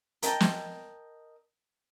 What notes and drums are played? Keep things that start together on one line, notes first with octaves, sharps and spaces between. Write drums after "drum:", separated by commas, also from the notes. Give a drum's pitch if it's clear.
A#4 D#5 G5 A5, drum: hi-hat
drum: snare